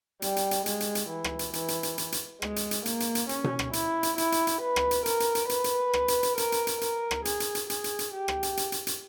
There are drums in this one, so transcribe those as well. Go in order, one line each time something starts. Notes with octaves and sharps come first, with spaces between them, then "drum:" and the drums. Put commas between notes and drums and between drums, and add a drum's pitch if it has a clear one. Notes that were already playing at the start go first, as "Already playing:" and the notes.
G3, drum: hi-hat
drum: hi-hat
drum: hi-hat
G#3, drum: hi-hat
drum: hi-hat
drum: hi-hat
E3
drum: rim click
drum: hi-hat
E3, drum: hi-hat
drum: hi-hat
drum: hi-hat
drum: hi-hat
drum: hi-hat
G#3, drum: rim click
drum: hi-hat
drum: hi-hat
A#3, drum: hi-hat
drum: hi-hat
drum: hi-hat
C#4, drum: hi-hat
drum: tom B2
drum: rim click
E4, drum: hi-hat
drum: hi-hat
E4, drum: hi-hat
drum: hi-hat
drum: hi-hat
B4
drum: rim click
drum: hi-hat
A#4, drum: hi-hat
drum: hi-hat
drum: hi-hat
B4, drum: hi-hat
drum: hi-hat
drum: rim click
drum: hi-hat
drum: hi-hat
A#4, drum: hi-hat
drum: hi-hat
drum: hi-hat
A#4, drum: hi-hat
drum: rim click
G#4, drum: hi-hat
drum: hi-hat
drum: hi-hat
G#4, drum: hi-hat
drum: hi-hat
drum: hi-hat
G4
drum: rim click
drum: hi-hat
drum: hi-hat
drum: hi-hat
drum: hi-hat